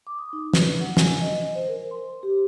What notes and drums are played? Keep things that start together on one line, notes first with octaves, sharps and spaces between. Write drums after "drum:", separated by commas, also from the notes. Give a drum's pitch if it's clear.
D6
D#6
D#4
B4, drum: snare
F#5
G#5, drum: snare
D#5
C5
A#4
C6
G4